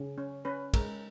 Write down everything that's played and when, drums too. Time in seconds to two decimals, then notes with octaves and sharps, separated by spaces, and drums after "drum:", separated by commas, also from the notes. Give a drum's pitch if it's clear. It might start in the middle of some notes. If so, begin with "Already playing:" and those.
Already playing: C#3
0.18 C#4
0.45 C#4 B4
0.74 G#3 A#4, drum: kick, cymbal